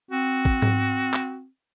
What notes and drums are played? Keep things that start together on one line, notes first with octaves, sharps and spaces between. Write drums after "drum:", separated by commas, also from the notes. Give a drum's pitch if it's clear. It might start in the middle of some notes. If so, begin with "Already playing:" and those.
C4 F#4
drum: kick
drum: tom G#2
drum: clap